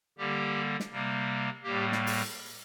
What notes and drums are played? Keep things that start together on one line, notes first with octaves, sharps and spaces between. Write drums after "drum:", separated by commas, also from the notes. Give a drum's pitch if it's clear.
D3 G3 A#3 G4
drum: snare
C3 G3 A#3
A2 G3 A#3 G4
drum: snare
drum: open hi-hat